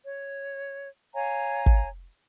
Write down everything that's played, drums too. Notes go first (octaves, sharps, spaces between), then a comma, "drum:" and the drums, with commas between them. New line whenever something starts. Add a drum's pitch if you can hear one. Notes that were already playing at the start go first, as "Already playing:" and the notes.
C#5
C#5 F5 G#5 A#5
drum: kick